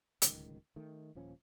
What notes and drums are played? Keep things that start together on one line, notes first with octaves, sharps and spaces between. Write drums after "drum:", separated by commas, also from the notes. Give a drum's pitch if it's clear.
D1 C#2 D#3, drum: hi-hat
D#3 A3
D#1 A#2 F3 C#4